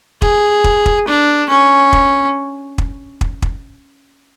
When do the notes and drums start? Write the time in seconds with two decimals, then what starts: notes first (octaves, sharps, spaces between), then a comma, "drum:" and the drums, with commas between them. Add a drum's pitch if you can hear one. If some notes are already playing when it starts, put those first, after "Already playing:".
0.22 G#4, drum: kick
0.64 drum: kick
0.86 drum: kick
1.08 D4
1.50 C#4
1.93 drum: kick
2.78 drum: kick
3.21 drum: kick
3.42 drum: kick